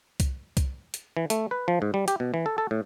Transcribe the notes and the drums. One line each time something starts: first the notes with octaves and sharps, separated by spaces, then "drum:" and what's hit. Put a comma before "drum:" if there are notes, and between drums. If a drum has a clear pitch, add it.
drum: kick C2, hi-hat
drum: kick C2, hi-hat
drum: hi-hat
E3
A3, drum: hi-hat
B4
F3
G#2
G3
G4, drum: hi-hat
B2
E3
A4
A4
A2